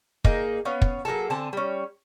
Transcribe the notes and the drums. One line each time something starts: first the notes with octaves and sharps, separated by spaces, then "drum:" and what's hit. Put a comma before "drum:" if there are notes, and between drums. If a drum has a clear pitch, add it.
A#3 D#4 G#4, drum: kick
B3 C#4 F5
drum: kick
F#3 A#3 G#4 A4
D3 C4 G#5 A5
G3 C#4